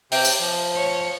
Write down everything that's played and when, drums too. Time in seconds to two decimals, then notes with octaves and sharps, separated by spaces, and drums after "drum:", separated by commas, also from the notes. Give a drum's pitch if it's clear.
0.12 C3 G5, drum: open hi-hat
0.25 drum: tambourine
0.40 F3
0.76 C#5